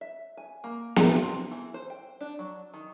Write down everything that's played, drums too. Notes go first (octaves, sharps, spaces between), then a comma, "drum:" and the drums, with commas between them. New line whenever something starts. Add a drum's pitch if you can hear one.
E5
G#5
A#3
E5, drum: snare
C4
E3
C5
G5
D4
F#3
D#3